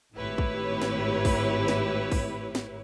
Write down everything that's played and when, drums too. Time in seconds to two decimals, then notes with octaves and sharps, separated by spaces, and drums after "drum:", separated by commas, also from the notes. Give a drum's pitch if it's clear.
0.17 G#1 A2 E4 G4 B4 C#5
0.38 drum: kick
0.82 drum: snare
1.25 drum: kick, open hi-hat
1.68 drum: snare
2.12 drum: kick, open hi-hat
2.55 drum: snare